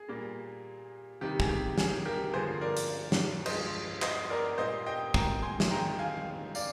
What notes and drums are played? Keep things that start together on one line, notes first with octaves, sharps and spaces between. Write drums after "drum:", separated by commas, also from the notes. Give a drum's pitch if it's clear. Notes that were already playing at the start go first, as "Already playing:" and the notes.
Already playing: G#4
A#2 G3 A#3
C3 D#3 G3 G4
G#4, drum: kick
G4
G#4, drum: snare
G4 A#4
G2 D3 F3 A#3 G#4 C5
A#4 D5
drum: hi-hat
drum: snare
G2 F3 G#3 C5 D#5, drum: cymbal
C5 D#5, drum: clap
A#4 D5
A#2 G3 A#3 C5 D#5
D#5 G5
G5 A#5, drum: kick
G#5 C6
drum: snare
F2 D#3 G#3 G5 A#5
F5 G#5
D5 F5, drum: tambourine